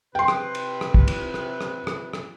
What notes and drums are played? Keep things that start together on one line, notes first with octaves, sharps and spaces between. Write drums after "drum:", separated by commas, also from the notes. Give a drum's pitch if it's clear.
C3 B4 G5 C6
drum: rim click
drum: cymbal
drum: rim click
drum: kick
drum: cymbal
drum: rim click
drum: rim click
drum: rim click
drum: rim click